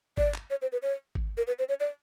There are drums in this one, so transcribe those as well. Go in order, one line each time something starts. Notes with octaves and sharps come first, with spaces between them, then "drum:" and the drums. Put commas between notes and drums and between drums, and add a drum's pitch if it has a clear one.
D5, drum: kick G#1
drum: clap
C#5
C5
B4
C#5
drum: kick G#1
A#4
B4
C5
C#5
D5